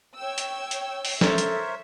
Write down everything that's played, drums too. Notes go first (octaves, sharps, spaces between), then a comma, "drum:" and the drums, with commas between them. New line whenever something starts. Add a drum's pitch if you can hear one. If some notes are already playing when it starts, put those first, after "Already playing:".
C#5 G5 E6
drum: hi-hat
drum: hi-hat
drum: open hi-hat
A4 A#4 C5 C#5 E5, drum: snare
drum: hi-hat